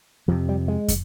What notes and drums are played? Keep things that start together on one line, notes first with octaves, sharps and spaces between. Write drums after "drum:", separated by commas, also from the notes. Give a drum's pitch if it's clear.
F2 C3 F3
G3
G#3
drum: kick, hi-hat